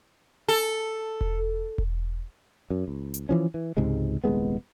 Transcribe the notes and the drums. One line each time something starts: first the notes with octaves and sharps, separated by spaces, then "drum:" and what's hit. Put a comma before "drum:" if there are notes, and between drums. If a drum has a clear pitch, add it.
A4
drum: kick E1
drum: kick E1
F#2
C#2
drum: hi-hat
E3 F3 C#4
E3
C#2 G#2 C3 G#3
D#1 C2 G#3 B3